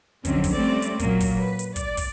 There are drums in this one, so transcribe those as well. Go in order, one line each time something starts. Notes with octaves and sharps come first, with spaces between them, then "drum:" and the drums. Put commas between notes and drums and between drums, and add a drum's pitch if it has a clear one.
F2 D3 D#3 F#3 C4 C#4, drum: kick, hi-hat
drum: kick, open hi-hat
G3 A3 C4 C#4 D5
drum: hi-hat
A#2 F#3 A#3, drum: kick, hi-hat
drum: kick, open hi-hat
B4
drum: hi-hat
D5, drum: kick, hi-hat
drum: kick, open hi-hat